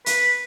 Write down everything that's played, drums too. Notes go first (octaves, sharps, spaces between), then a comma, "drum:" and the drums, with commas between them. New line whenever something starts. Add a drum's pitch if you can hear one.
B4, drum: hi-hat